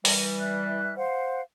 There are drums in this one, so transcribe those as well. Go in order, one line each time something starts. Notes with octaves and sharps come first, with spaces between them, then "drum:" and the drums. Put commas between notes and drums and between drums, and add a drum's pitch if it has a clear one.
E3 G3, drum: open hi-hat
E5 F#6
C5 F5 F#5